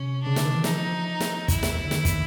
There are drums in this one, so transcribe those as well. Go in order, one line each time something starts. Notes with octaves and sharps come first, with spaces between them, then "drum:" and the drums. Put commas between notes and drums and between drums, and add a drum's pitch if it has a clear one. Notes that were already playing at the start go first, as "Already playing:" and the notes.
Already playing: C3 C#4
C#3 D4
D3, drum: snare
D#3
E3
F3 D#4, drum: snare
F3
drum: snare
E4, drum: kick, hi-hat
drum: snare
D3
D#3, drum: snare
drum: kick, hi-hat